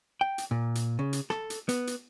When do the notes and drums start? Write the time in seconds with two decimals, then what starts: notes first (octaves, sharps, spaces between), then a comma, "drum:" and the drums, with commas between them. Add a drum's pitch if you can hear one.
0.21 G5
0.38 drum: hi-hat
0.51 A#2
0.75 drum: hi-hat
0.99 C#3
1.13 drum: hi-hat
1.30 A4, drum: rim click
1.50 drum: hi-hat
1.69 B3, drum: hi-hat
1.87 drum: hi-hat